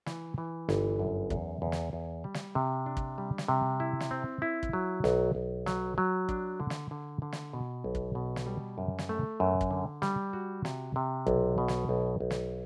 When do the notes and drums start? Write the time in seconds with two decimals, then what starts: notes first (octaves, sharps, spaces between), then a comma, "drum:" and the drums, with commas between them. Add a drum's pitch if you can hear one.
0.06 E3, drum: snare
0.38 E3
0.69 G1, drum: snare
0.99 F#2
1.30 E2, drum: kick
1.62 E2
1.72 drum: snare
1.93 E2
2.24 G3
2.34 drum: snare
2.55 C3
2.86 D4
2.97 drum: kick
3.18 G3
3.38 drum: snare
3.48 C3
3.80 E4
4.00 drum: snare
4.11 C4
4.42 E4
4.63 drum: kick
4.73 F#3
5.04 B1, drum: snare
5.35 B1
5.66 F#3, drum: snare
5.98 F#3
6.29 D4, drum: kick
6.60 D3
6.70 drum: snare
6.91 D3
7.22 D3
7.32 drum: snare
7.53 B2
7.84 B1
7.95 drum: kick
8.15 B2
8.36 drum: snare
8.46 G3
8.78 F#2
8.98 drum: snare
9.09 A3
9.40 F#2
9.61 drum: kick
9.71 D3
10.02 G3, drum: snare
10.33 F#4
10.65 C3, drum: snare
10.96 C3
11.27 B1, drum: kick
11.58 B2
11.68 drum: snare
11.89 B1
12.20 B1
12.31 drum: snare